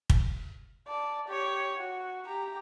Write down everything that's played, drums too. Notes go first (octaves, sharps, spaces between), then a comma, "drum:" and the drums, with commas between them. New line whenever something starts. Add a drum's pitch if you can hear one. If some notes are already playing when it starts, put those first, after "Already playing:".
drum: kick
D5 A5
G4 C#5
F#4
G4 A#5